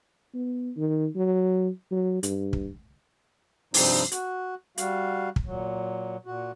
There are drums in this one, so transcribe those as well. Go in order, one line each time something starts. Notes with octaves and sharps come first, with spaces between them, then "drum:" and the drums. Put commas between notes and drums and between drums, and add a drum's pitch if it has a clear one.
B3
D#3
F#3
F#3
G2, drum: hi-hat
drum: kick
G2 C3 F3 G3 C4 D#4, drum: open hi-hat
F#4, drum: hi-hat
G3 F#4 F5, drum: hi-hat
drum: kick
A#2 F#3
A#2 F#4